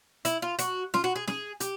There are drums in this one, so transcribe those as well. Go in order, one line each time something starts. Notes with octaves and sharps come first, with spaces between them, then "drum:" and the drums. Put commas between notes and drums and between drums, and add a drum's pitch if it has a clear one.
E4, drum: hi-hat
F4
F#4, drum: hi-hat
F4, drum: snare
F#4
G#4
G#4, drum: snare
G4, drum: hi-hat